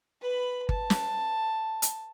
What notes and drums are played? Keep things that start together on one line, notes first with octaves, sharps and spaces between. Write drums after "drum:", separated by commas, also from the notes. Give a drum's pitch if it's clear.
B4 B5
A5, drum: kick G1
drum: snare
drum: hi-hat